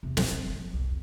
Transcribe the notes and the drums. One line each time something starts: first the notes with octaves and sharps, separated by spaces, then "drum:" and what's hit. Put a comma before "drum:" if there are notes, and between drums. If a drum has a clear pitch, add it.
E2 C3
F#3, drum: snare
B3 C4
F#1 F3
B1
F2